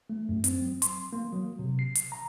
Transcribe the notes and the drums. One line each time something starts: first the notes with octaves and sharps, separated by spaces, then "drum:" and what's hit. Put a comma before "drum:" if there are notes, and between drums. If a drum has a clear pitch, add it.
A3
F#2
C4, drum: hi-hat
F#3
C6, drum: hi-hat
A#3
F#3
C3
C7
drum: hi-hat
A#5